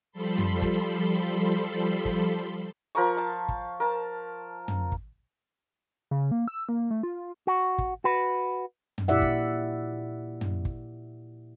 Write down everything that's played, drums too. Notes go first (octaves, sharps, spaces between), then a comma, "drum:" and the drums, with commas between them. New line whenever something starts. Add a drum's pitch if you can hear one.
F3 G3 A4 B5 C6
drum: tom
drum: kick
drum: kick
F3 A#4 A#5 C#6
F5 A5
drum: kick
A#4 A5
drum: tom
drum: kick
C#3
A#3
E6
A#3
A3
F4
F#4
drum: kick
F#4 B4
drum: tom
A#2 E4 G4 D5 E5 F#5
drum: kick
drum: tom
drum: kick